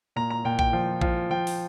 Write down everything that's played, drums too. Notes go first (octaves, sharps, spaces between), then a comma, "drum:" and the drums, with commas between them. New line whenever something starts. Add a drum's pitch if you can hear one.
A#2 A#5
A#5
A#2 G5
G5, drum: kick A#1
F3
F3, drum: kick A#1
F3 G5
drum: open hi-hat